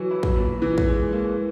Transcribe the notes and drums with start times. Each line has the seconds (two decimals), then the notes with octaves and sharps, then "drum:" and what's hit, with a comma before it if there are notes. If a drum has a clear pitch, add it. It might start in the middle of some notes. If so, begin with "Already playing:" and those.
Already playing: E3 F#3
0.11 E4
0.23 drum: kick
0.36 A#2
0.62 C#2 E3
0.78 drum: kick
0.87 G#3
1.12 A#3